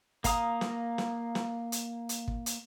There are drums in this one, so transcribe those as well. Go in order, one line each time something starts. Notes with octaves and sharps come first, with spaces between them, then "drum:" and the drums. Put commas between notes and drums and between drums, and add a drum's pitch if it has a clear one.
A#3 F5 A#5 D#6, drum: kick, hi-hat
drum: snare
drum: snare
drum: snare
drum: hi-hat
drum: hi-hat
drum: kick
drum: hi-hat